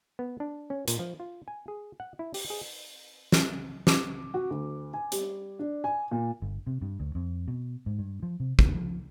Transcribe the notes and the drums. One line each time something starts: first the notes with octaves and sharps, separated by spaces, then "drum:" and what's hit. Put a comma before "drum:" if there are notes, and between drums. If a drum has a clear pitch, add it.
B3
D4
C#4
A#2, drum: hi-hat
F3
F4
G#5
G#4
F#5
E4
G4, drum: open hi-hat
G#4
drum: snare
D6, drum: snare
F#4
D2
G#5
G3, drum: hi-hat
D4
G#5
A#2
G1
C3
G2
D2
F2
B2
G#2
G2
F3
C3
D#2, drum: kick
F3